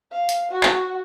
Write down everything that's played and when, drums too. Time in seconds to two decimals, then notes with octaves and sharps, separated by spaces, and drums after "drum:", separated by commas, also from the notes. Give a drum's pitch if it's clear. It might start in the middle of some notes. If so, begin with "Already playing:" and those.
0.12 F5
0.29 drum: hi-hat
0.51 F#4
0.63 drum: clap